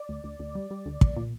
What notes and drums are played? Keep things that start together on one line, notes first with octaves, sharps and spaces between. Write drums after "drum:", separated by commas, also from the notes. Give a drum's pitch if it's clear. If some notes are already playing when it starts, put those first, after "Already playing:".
Already playing: D5
D2
D2
D2
G3
G3
D2
D2, drum: kick
A#2